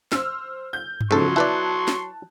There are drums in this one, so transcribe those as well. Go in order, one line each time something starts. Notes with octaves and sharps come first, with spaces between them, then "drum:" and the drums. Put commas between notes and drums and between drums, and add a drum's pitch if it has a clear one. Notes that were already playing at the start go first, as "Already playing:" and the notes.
C5 E6 F6, drum: snare
G6
drum: tom G2
G1 G#2 C#3 F3 F#3 A4 C6 C#6
E4 B4 D5 A5 F#6
drum: snare